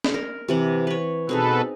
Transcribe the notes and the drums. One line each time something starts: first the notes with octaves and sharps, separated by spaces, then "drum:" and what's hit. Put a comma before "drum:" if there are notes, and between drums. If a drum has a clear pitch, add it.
drum: snare
A#4
C3 E3 F#5
B4 C#5
B2 C4 D#4 G#4 A4 B4